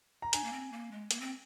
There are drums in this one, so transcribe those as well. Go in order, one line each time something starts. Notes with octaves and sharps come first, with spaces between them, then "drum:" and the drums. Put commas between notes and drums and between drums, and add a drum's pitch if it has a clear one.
A#5
D4 G#5, drum: hi-hat
A#3
C4
A#3
G#3
A#3, drum: hi-hat
C4